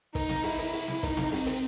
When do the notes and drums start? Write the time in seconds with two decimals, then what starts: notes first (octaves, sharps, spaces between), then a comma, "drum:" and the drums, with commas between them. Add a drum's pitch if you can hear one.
0.15 D#4, drum: kick, hi-hat
0.29 drum: snare
0.43 E4, drum: open hi-hat
0.58 drum: hi-hat
0.73 drum: open hi-hat
0.88 drum: snare
1.03 D#4, drum: kick, hi-hat
1.17 drum: snare
1.32 C4, drum: open hi-hat
1.46 drum: hi-hat